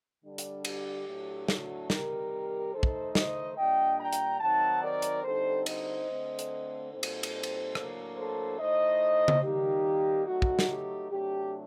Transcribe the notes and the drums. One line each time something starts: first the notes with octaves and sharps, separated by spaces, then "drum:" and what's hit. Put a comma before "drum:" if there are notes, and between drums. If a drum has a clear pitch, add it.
D3 G3 D4
drum: hi-hat
G4, drum: cymbal
A2 F#3 A3 D4
F#4 A4, drum: snare
C3 D#3 G3 G4 A#4, drum: snare
D#3 A3 D#4 A4 C5
drum: kick
C5 D#5, drum: snare
A#2 G3 D4 D#5 G5
G5 A#5
drum: hi-hat
D#3 F#3 C4 D#4 F#5 A5
A#4 D5
drum: hi-hat
D3 G3 C4 D#4 A4 C5
C5 D#5, drum: cymbal
D3 A3 C4
drum: hi-hat
A#2 G3 C4 D#4 A4 C5
drum: cymbal
drum: cymbal
drum: cymbal
A2 F#3 A#3 D4, drum: rim click
A4 C5
A2 A3 D#4 C5 D#5
drum: tom C#3
D#3 G3 A#3 D#4 G4
F#3 A3 D#4 F#4
drum: kick
drum: snare
G4
C3 F#3 A3 D4 G4